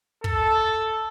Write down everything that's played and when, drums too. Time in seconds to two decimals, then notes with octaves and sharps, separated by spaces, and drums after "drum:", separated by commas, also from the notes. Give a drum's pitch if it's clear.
0.24 A4, drum: kick